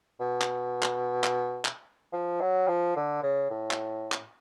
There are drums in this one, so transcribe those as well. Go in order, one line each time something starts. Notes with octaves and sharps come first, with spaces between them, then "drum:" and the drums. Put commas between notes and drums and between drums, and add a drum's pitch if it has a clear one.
B2
drum: clap
drum: clap
drum: clap
drum: clap
F3
F#3
F3
D3
C#3
A2
drum: clap
drum: clap